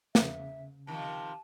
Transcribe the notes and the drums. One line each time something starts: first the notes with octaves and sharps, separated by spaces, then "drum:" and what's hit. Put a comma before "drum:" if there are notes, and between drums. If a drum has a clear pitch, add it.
C#3 E5, drum: snare
C3 D#3 F3 A5